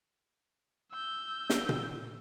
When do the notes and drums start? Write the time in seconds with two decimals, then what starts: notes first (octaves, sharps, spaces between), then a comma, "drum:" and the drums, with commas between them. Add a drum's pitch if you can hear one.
0.92 E6 G6
1.50 drum: snare
1.69 drum: tom A#2